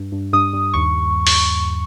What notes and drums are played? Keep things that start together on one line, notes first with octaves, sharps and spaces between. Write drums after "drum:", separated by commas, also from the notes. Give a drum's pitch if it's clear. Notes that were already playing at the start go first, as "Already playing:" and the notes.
Already playing: G2
G2
G2 D#6
G2
D#2 C#6
drum: open hi-hat